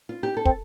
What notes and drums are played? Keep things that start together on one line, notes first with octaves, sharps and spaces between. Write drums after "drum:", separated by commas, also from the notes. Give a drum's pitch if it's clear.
F4
G4
A4
C4, drum: kick